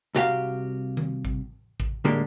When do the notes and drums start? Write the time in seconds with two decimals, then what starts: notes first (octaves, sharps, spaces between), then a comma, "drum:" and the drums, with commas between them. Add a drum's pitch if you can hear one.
0.15 C2 F#4 G4 F5, drum: snare
0.97 drum: tom D#3
1.25 drum: kick A1
1.80 drum: kick A1
2.05 A2 D3 G3 G#3 A#3